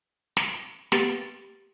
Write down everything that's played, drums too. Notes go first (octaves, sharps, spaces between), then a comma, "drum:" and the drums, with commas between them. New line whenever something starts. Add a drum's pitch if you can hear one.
drum: snare
A#3 B3 G4 A6, drum: snare